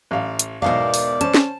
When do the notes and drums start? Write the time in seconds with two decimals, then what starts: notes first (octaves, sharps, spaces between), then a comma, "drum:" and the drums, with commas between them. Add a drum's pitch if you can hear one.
0.11 A1 F5
0.39 drum: hi-hat
0.62 E2 G#2 B2 A#4 C5 D5 F5
0.94 drum: open hi-hat
1.21 C#4 C5 A5, drum: hi-hat
1.34 drum: snare